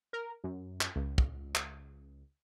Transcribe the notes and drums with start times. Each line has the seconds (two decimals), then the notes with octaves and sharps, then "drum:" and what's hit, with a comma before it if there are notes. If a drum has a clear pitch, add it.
0.13 A#4
0.44 F#2
0.81 drum: clap
0.96 C#2
1.18 drum: kick
1.55 drum: clap